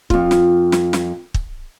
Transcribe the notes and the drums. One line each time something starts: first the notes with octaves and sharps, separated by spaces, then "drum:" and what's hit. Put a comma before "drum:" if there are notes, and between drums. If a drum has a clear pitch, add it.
F2 F4, drum: kick
drum: snare
drum: snare
drum: snare
drum: kick